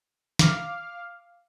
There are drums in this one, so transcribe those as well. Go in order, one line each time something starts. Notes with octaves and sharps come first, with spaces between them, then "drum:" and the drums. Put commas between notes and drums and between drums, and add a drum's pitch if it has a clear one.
F5 D6 F6, drum: snare